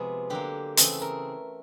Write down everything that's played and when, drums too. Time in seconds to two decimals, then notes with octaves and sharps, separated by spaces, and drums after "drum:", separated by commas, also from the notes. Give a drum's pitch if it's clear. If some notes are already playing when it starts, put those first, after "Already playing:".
Already playing: C3 F3 G#3 B3 G#4
0.30 D3 F#3 A#3 G4
0.77 C#3 E3 A3 C4 G#4, drum: hi-hat
1.02 A#4